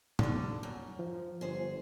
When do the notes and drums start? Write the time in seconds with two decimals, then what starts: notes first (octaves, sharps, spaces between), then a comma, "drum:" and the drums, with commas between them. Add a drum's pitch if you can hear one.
0.19 D3 G3, drum: tom
0.63 F#2
0.99 F3
1.41 G1 G#4 C5